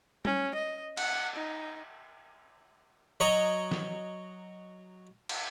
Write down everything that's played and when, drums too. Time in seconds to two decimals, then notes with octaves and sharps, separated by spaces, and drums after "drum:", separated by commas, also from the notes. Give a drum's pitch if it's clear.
0.25 C#4, drum: tom G3
0.55 D#5
0.97 F#5, drum: cymbal
1.36 D#4
3.20 F#3 C#5 D#5 A#5
3.71 drum: snare E3
5.29 drum: cymbal